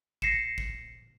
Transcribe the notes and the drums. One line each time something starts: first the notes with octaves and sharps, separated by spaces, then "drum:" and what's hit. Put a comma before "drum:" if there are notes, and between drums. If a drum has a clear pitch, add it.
A#6 C7 C#7 E7, drum: kick
drum: kick